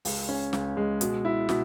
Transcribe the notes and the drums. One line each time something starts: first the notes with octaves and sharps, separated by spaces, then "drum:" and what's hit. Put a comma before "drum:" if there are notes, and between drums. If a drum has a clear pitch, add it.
C#2, drum: open hi-hat
C#4
C#2, drum: snare
G#3
B2, drum: hi-hat
E4
B2, drum: snare